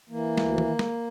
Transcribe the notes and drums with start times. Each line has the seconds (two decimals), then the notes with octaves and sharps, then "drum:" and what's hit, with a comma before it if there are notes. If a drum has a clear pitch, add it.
0.10 E3 A#3
0.38 D2, drum: snare
0.58 drum: tom D#3
0.79 drum: snare